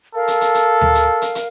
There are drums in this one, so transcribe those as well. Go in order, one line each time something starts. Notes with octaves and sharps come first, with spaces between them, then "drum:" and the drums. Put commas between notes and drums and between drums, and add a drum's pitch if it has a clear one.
A4 A#4 F5
drum: hi-hat
drum: hi-hat
drum: hi-hat
drum: tom D2
drum: hi-hat
drum: hi-hat
drum: hi-hat